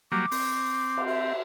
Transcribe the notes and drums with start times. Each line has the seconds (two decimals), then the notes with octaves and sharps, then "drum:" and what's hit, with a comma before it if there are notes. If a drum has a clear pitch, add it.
0.12 F#3 G3 A#3 D6
0.31 C4, drum: open hi-hat
0.97 drum: cymbal
1.07 E5